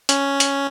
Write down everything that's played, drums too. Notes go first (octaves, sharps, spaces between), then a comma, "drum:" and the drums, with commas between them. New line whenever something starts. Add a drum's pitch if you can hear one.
C#4, drum: hi-hat
drum: hi-hat